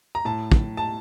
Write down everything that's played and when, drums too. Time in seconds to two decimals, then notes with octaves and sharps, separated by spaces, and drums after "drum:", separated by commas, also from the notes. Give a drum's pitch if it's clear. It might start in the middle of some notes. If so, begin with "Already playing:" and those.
0.15 A#5
0.25 A2 A5
0.52 drum: kick
0.77 A5